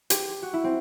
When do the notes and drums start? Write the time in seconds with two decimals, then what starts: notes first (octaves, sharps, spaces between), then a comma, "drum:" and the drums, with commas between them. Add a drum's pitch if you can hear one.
0.10 G4, drum: hi-hat
0.42 F#4
0.53 E4
0.64 C4